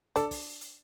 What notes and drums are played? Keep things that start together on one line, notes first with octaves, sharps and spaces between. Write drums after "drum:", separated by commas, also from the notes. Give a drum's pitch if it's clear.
D4 A4, drum: hi-hat
drum: kick, open hi-hat
drum: hi-hat